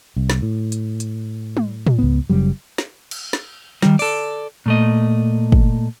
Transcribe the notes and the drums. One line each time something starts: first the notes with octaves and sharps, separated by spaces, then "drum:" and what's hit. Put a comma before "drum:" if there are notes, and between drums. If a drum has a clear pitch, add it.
C2
drum: snare
A2
drum: hi-hat
drum: hi-hat
drum: tom
drum: tom
C#2 B3
F#1 C#3 F#3 G3
drum: snare
drum: cymbal
drum: snare
D#3 G3, drum: snare
A4 D5, drum: open hi-hat
A#2 A3 D#5
drum: kick